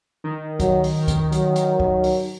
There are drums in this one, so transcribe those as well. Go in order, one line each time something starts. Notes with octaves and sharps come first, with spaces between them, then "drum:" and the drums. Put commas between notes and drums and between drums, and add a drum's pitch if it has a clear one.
D#3
F#3, drum: kick, hi-hat
drum: open hi-hat
drum: kick, hi-hat
F#3, drum: hi-hat
drum: hi-hat
drum: kick
drum: open hi-hat